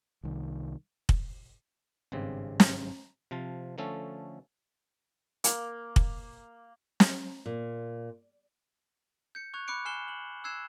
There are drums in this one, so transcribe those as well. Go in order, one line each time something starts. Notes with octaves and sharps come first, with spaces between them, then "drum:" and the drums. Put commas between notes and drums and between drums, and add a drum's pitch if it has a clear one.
C2 D#3
drum: kick
G#1 G2 C#3 C4
drum: snare
C3 F3 F4 A5
D3 F3 A3 C#4 A4
A#3, drum: hi-hat
drum: kick
drum: snare
A#2
G6 C#7
C#6 F#6 G#6 F7
B5 D6 F#6 C#7 D7
G#5 F6 C7 E7 G7
F#7
E6 F#6 G#6 C7 E7